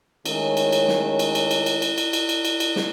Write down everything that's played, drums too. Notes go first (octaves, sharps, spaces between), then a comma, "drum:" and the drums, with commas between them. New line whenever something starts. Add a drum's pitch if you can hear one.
D#3 G#3 A3 C#4, drum: cymbal
drum: cymbal
drum: cymbal
drum: snare
drum: cymbal
drum: cymbal
drum: cymbal
drum: cymbal
drum: cymbal
drum: cymbal
drum: cymbal
drum: cymbal
drum: cymbal
drum: cymbal
drum: snare